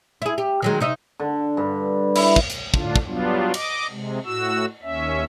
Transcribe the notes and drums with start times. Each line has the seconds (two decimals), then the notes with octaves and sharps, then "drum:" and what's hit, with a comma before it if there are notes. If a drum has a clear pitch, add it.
0.22 E4 G#4
0.38 G4
0.62 D#3 F#3 G#3
0.80 C3 D#4 E5
1.20 D3
1.57 G2
2.15 E4, drum: cymbal
2.36 drum: kick
2.50 drum: hi-hat
2.74 A2 D3 D4 F4, drum: kick
2.96 drum: kick
3.07 F#3 G3 B3 D4 F4
3.54 D#5 D6, drum: cymbal
3.90 C3 G#3
4.25 A2 F#4 E6
4.83 D#2 C#4 E5